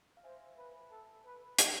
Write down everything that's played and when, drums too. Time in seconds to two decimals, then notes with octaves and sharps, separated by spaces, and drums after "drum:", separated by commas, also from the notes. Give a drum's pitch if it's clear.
0.17 F5
0.24 C5 E5 G#5
0.58 B4
0.91 A4
1.25 B4
1.58 F5 A5, drum: hi-hat